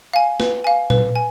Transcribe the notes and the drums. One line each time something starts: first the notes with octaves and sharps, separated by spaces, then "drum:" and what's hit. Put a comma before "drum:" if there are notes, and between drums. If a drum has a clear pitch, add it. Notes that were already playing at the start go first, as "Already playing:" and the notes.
F5 G#5
B4, drum: snare
F5 G#5
B4, drum: tom A#2
G#5